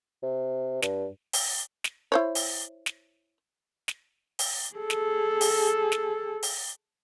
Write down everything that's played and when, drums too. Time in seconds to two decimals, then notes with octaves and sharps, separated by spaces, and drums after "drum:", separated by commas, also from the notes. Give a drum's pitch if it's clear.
0.23 C3
0.82 G2, drum: snare
1.33 drum: open hi-hat
1.84 drum: snare
2.12 E4 C5 C#5
2.35 drum: open hi-hat
2.86 drum: snare
3.88 drum: snare
4.39 drum: open hi-hat
4.75 G#4 A4
4.90 drum: snare
5.41 drum: open hi-hat
5.92 drum: snare
6.43 drum: open hi-hat